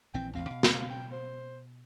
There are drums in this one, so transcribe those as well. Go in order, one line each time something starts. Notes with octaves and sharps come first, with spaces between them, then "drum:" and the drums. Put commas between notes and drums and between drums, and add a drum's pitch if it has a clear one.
A#1 E3 C4 G5
A1 E2 C4 F5
B2
drum: snare
G5
C5